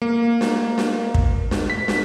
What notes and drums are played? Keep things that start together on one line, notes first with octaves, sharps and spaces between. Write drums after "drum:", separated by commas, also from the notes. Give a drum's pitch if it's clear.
A#3
drum: snare
drum: snare
drum: kick
drum: snare
B6
drum: snare